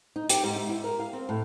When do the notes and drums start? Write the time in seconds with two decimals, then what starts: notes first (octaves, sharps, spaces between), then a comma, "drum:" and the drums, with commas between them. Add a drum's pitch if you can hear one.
0.16 D#4
0.30 G4, drum: hi-hat
0.44 G#2
0.56 E5
0.69 E4
0.84 A#4
1.00 F5
1.13 C4
1.29 A2